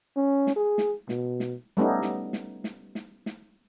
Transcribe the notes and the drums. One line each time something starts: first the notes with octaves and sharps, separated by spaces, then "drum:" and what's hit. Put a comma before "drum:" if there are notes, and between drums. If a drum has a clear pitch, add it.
C#4
drum: snare
G#4
drum: snare
B2, drum: snare
drum: snare
G3 A3 B3 C#4 D#4
drum: snare
drum: snare
drum: snare
drum: snare
drum: snare